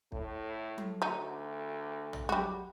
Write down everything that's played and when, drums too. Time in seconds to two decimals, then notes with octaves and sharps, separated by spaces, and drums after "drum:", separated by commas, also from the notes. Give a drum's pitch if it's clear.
0.12 A2, drum: kick
0.78 drum: tom F#3
1.02 D2 F#3 D#4
2.13 drum: tom
2.29 G3 F#4, drum: tom F#3